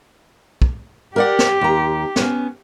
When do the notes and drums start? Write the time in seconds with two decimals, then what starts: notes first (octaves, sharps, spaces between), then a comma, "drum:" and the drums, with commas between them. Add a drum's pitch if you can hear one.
0.62 drum: kick
1.16 G4 A#4 D5 F#5
1.39 drum: snare
1.61 D#2 A#5
2.16 B3 C#4, drum: snare